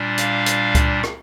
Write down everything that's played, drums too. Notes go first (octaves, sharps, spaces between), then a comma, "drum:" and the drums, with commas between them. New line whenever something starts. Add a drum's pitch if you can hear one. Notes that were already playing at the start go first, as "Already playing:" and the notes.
Already playing: A#2 G3 D4
F5, drum: hi-hat
drum: hi-hat
drum: kick C#2, hi-hat
drum: rim click